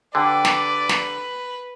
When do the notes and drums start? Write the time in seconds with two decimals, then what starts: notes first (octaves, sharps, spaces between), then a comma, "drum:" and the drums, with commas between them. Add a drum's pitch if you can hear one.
0.15 D3 G4 B4 D5
0.45 drum: snare
0.89 drum: snare